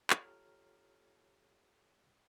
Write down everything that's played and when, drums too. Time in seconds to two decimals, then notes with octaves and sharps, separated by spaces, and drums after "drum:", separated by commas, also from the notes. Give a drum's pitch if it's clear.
0.10 F4 G4 A4 C#5 A#5 F6, drum: clap